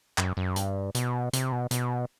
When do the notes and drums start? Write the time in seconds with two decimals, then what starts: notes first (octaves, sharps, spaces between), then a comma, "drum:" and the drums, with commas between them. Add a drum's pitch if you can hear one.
0.18 F#2, drum: clap
0.37 F#2
0.56 G2, drum: hi-hat
0.95 B2, drum: hi-hat
1.33 C3, drum: hi-hat
1.52 B2
1.71 B2, drum: hi-hat